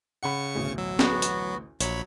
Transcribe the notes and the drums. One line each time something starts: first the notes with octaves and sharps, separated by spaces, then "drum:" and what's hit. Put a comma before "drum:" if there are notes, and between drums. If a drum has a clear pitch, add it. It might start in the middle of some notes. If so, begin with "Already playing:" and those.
C#3 F#5 B5 C#6 C#7
A1 D2 B2
F#3 E6
B3 F#4, drum: snare
drum: hi-hat
A#1 F#3 C#5 B5, drum: hi-hat